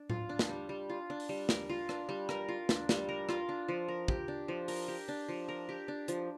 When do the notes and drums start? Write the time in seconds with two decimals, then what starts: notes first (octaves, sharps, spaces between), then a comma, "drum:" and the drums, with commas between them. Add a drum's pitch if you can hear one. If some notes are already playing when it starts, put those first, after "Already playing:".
Already playing: D4
0.10 F4, drum: tom A2
0.29 D4
0.39 drum: snare
0.49 G3
0.69 G3
0.89 F4
1.10 D4
1.20 drum: open hi-hat
1.29 G3
1.49 A#4, drum: snare
1.69 F4
1.89 D4, drum: rim click
2.09 G3
2.29 A#4, drum: rim click
2.49 F4
2.69 D4, drum: snare
2.89 G3, drum: snare
3.09 A#4
3.29 F4, drum: rim click
3.49 D4
3.68 F3
3.88 A#4
4.08 G4, drum: kick
4.28 D4
4.48 F3
4.68 A#4, drum: open hi-hat
4.88 G4
5.08 D4
5.29 F3
5.48 A#4
5.69 G4
5.88 D4
6.08 F3, drum: hi-hat